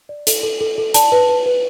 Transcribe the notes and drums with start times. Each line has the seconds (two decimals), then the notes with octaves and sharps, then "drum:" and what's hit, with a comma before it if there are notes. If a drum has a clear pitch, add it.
0.09 D5
0.27 A4, drum: hi-hat
0.43 A4
0.61 A4
0.78 A4
0.94 D5 A5, drum: hi-hat
1.12 B4
1.29 B4
1.46 B4